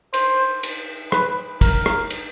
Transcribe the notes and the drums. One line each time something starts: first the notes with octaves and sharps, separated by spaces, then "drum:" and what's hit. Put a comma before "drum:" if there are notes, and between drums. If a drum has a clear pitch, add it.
C5, drum: cymbal
drum: cymbal
B4, drum: rim click
A#4, drum: kick, cymbal
drum: rim click
drum: cymbal